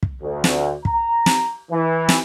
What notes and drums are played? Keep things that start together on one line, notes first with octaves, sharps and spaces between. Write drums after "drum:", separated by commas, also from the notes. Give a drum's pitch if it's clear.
drum: kick
D2
drum: snare
A#5, drum: kick
drum: snare
E3
drum: snare